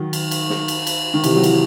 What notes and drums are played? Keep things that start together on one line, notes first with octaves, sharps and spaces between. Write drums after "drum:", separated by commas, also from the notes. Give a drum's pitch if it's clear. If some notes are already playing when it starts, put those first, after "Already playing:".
Already playing: D#3 F#3
drum: cymbal
drum: cymbal
drum: snare
drum: cymbal
drum: cymbal
D#3
C3 E3, drum: cymbal
F#3
E3, drum: cymbal